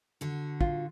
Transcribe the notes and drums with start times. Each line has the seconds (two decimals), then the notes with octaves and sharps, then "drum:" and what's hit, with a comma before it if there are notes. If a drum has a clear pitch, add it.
0.21 D3 F#4
0.61 F4, drum: kick